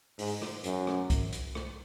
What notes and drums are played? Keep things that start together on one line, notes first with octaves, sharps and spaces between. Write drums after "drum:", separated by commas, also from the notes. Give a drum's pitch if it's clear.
G#2, drum: open hi-hat
drum: rim click
F#2, drum: hi-hat
drum: rim click
drum: kick C2, hi-hat
drum: hi-hat
drum: rim click